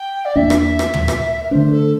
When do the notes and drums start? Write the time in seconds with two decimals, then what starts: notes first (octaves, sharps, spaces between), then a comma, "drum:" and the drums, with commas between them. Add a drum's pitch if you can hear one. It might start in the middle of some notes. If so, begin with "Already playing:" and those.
Already playing: G5
0.25 D5
0.36 E2 E3 A#3 D4 E5
0.50 drum: rim click
0.79 drum: rim click
0.94 drum: tom
1.08 drum: rim click
1.42 A#4
1.51 D3 A3 D4 C5
1.71 A4